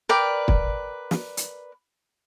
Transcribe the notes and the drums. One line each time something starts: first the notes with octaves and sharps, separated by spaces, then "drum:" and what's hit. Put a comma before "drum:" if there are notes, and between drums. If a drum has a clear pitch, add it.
A#4 B4 D5 G5
drum: kick
drum: snare
drum: hi-hat